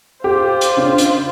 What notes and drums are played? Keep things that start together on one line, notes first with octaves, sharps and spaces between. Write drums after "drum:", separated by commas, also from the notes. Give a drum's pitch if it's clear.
F4 G4 C5
drum: hi-hat
C#3 D4
drum: hi-hat